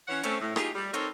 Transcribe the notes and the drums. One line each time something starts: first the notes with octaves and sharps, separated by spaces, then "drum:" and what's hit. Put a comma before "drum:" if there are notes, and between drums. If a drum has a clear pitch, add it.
E3 C#4 C#5 F#5
A3 C4 C#4, drum: hi-hat
A2
D#4 F4 G4 G#4, drum: rim click
G3
C4 D#4 A4 A#4 C5 C#5, drum: hi-hat